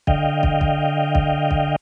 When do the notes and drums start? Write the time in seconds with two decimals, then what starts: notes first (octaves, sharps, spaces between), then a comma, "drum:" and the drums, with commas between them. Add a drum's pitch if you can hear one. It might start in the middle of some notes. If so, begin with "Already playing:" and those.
0.07 D3 D#5 F5 G5, drum: kick
0.43 drum: kick
0.61 drum: kick
1.15 drum: kick
1.51 drum: kick